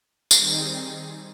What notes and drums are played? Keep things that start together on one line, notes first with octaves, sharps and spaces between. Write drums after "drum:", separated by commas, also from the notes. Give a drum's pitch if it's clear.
D#3 G3 C4 D#4 G#4, drum: tambourine